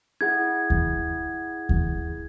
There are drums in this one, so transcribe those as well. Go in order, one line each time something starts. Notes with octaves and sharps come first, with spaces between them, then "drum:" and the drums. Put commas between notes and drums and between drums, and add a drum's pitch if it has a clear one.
E4 G#4 F#5 G#6
drum: kick D#2
drum: kick D#2